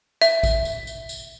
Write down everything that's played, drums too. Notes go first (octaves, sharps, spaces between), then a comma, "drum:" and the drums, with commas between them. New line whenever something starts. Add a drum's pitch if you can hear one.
E5, drum: tambourine
drum: kick A1, tambourine
drum: tambourine
drum: tambourine
drum: tambourine